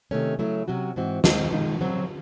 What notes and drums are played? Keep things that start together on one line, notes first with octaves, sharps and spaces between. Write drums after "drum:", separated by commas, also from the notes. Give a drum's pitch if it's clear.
C3 D#3 A3 C#4
C#3 F#3 A3 C#4 E4
C3 F#3 C#4 F#4
G#2 E3 C4 F#4
D#2 D#3 G#3 C4 D#4, drum: snare
D#3 G#3 D#4
C#3 F#3 C4 F#4